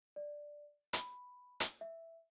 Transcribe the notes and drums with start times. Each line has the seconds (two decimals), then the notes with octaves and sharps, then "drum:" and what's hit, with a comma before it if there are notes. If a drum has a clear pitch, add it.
0.16 D5
0.93 B5, drum: hi-hat
1.60 drum: hi-hat
1.81 E5